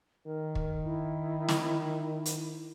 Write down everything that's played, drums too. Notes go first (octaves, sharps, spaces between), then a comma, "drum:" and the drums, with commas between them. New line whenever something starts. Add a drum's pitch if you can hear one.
D#3 A#4
drum: kick
E4
drum: snare
drum: hi-hat